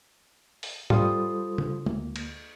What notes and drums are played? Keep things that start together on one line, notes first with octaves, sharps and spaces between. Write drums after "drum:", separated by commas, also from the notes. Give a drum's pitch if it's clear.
drum: open hi-hat
G3 F4 A4 C5 C6 D#6, drum: tom G#2
drum: tom C#3
D2 A#3, drum: tom G#3
drum: cymbal